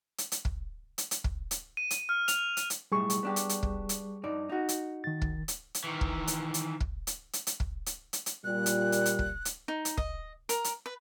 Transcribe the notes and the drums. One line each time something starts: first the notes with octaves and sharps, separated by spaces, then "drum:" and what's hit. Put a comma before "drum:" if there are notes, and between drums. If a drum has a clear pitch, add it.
drum: hi-hat
drum: hi-hat
drum: kick
drum: hi-hat
drum: hi-hat
drum: kick
drum: hi-hat
D#7
drum: hi-hat
F6
F7, drum: hi-hat
drum: hi-hat
drum: hi-hat
B1 A2 G3 G#4 C#6
drum: hi-hat
B3 D4 G4
drum: hi-hat
drum: hi-hat
drum: kick
drum: hi-hat
G2 D#4 D5
D#4 F#4
drum: hi-hat
D#3 A6
drum: kick
drum: hi-hat
drum: hi-hat
D#3 E3
drum: kick
drum: hi-hat
drum: hi-hat
drum: kick
drum: hi-hat
drum: hi-hat
drum: hi-hat
drum: kick
drum: hi-hat
drum: hi-hat
drum: hi-hat
A#2 G3 F#6
drum: hi-hat
drum: hi-hat
drum: hi-hat
drum: kick
drum: hi-hat
D#4
drum: hi-hat
D#5, drum: kick
A#4, drum: hi-hat
drum: hi-hat
B4